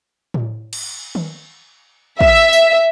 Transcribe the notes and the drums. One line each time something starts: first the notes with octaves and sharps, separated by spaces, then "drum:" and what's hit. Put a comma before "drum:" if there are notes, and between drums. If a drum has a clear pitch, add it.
drum: tom A2
drum: cymbal
drum: tom D#3
E5, drum: kick
drum: tambourine